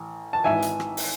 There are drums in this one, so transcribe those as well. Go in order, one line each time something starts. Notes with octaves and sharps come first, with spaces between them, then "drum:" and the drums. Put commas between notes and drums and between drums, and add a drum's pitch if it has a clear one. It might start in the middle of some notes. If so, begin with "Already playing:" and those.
Already playing: A1
A5
G#1 G#2 E3 E5 G#5
drum: hi-hat
drum: rim click
drum: open hi-hat